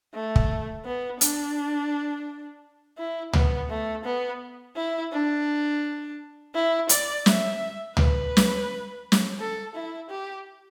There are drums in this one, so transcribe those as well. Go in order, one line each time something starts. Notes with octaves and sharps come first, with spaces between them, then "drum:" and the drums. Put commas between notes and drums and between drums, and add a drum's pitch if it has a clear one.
A3
drum: kick
B3
D4, drum: hi-hat
E4
B3, drum: tom C#2
A3
B3
E4
D4
E4
D5, drum: hi-hat
E5, drum: snare
B4, drum: tom C#2
drum: snare
drum: snare
A4
E4
G4